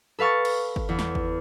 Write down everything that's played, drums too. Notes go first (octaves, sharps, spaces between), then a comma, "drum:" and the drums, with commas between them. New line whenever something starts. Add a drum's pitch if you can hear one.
A4 B4 F5 C#6 A6
drum: cymbal
drum: kick
E2
drum: snare
drum: kick